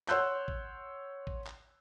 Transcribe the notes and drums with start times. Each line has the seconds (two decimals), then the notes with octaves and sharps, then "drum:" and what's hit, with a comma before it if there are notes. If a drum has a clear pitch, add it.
0.09 C#5 F#5 C6 E6 F#6 G6, drum: clap
0.48 drum: kick A1
1.27 drum: kick A1
1.47 drum: clap